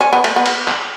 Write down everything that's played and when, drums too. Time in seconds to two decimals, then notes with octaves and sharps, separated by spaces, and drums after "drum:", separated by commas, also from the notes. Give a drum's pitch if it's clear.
0.01 C#4
0.13 B3
0.24 A3, drum: cymbal
0.36 B3
0.46 drum: cymbal
0.68 drum: clap